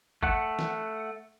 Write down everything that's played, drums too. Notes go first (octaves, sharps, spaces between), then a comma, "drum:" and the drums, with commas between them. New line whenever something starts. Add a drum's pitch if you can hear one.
A3 F#5, drum: kick F#1
drum: snare